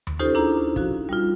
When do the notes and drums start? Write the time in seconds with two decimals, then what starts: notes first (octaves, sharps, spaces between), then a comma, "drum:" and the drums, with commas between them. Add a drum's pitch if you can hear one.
0.07 drum: tom D#2
0.19 C#4 D#4 F4 G4 A4 C5
0.35 D4 E4 G#4 A#5
0.76 F3 F#4, drum: kick
1.09 G3 D#4 F4